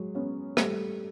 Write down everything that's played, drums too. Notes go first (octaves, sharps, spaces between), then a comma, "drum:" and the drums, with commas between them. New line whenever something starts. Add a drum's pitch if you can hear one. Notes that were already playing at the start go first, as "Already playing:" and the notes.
Already playing: F#3 G#3
B3 C#4
G3 A3, drum: rim click